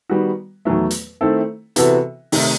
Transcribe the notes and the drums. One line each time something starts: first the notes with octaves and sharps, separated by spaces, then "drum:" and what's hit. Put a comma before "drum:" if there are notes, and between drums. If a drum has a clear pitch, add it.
D#3 G3 B3 F#4
E2 D#3 F#3 A3
drum: hi-hat
D#3 A3 C4 E4 A4
C3 E3 B3 F#4 A4, drum: hi-hat
C3 D#3 A3 D#4, drum: open hi-hat